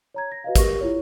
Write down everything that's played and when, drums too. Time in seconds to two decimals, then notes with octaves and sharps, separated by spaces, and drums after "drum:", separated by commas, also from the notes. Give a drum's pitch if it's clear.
0.14 C#5 A#5 G#6
0.32 A#6
0.44 F#4 B4 D#5 F5
0.56 G4 A#4 C#6 A#6, drum: kick, hi-hat
0.81 E4 F4 C#5